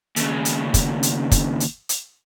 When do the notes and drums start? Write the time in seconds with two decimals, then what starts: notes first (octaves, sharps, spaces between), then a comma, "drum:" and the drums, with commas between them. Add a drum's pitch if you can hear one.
0.16 D#2 C#3, drum: hi-hat
0.45 drum: hi-hat
0.74 drum: kick, hi-hat
1.03 drum: hi-hat
1.31 drum: kick, hi-hat
1.60 drum: hi-hat
1.89 drum: hi-hat